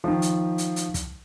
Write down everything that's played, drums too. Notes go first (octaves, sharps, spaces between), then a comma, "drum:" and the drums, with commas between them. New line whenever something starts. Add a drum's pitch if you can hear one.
D#3 F3
drum: hi-hat
drum: hi-hat
drum: hi-hat
drum: kick, hi-hat